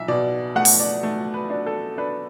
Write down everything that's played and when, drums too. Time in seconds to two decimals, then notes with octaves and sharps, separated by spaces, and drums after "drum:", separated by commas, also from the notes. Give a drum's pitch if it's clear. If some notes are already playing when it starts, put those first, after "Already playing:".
Already playing: B1 E5
0.08 B2 D5
0.55 A3 F#5
0.65 drum: open hi-hat
0.79 D5
1.03 A3
1.34 B4
1.50 D4
1.66 A4
1.98 D4 B4